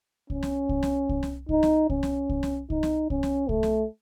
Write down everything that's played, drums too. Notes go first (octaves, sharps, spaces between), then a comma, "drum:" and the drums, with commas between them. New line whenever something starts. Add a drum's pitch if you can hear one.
C#4, drum: kick C2
drum: snare
drum: kick C2
drum: snare
drum: kick C2
drum: snare
D#4, drum: kick C2
drum: snare
C#4, drum: kick C2
drum: snare
drum: kick C2
drum: snare
D#4, drum: kick C2
drum: snare
C#4, drum: kick C2
drum: snare
A3, drum: kick C2
drum: snare